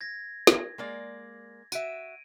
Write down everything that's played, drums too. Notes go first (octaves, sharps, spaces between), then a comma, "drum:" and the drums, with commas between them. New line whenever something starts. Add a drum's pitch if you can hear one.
G#6 A#6
drum: snare
G#3 A#3 D5
F#4 E5 D7 D#7, drum: tambourine